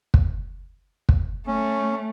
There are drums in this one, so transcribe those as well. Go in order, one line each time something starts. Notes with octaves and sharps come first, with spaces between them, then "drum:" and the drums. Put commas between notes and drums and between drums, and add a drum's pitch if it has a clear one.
drum: kick
drum: kick
A3 C#4